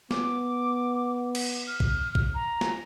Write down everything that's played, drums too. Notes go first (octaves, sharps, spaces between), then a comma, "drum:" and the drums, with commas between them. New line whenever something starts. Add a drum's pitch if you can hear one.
B3 D6, drum: snare
drum: cymbal
F6
drum: kick
drum: kick
A#5
drum: snare